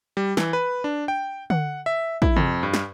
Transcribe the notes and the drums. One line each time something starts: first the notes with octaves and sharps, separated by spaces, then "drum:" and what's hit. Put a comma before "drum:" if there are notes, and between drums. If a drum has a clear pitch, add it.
G3
E3, drum: snare
B4
D4
G5
F#5, drum: tom D3
E5
E4, drum: kick
F2, drum: tom C3
G2
drum: snare